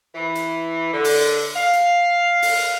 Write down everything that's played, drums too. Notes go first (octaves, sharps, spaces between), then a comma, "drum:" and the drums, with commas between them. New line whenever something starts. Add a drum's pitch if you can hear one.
E3
drum: hi-hat
D3
drum: open hi-hat
F5
drum: hi-hat
drum: open hi-hat